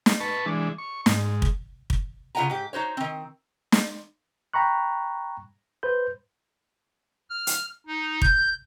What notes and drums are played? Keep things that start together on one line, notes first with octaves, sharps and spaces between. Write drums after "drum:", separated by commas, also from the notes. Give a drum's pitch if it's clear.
drum: snare
B4 A5 C#6
E3 G#3 D4
C#6
G#2, drum: snare
drum: kick
drum: kick
C#3 F4 D5 F#5 G#5 A#5
G#2 G4
D#4 F#4 C5 C#5
D#3 C4
drum: snare
G5 A#5 B5 C#6 F#6
B4 C5 G6
F6
drum: hi-hat
D#4
G6, drum: kick